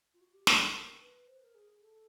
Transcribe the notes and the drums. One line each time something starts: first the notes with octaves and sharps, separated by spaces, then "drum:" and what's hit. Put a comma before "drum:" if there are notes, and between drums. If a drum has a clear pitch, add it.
F4
F#4
G4
A#4, drum: snare
B4
A#4
B4
C5
A#4
G#4
A4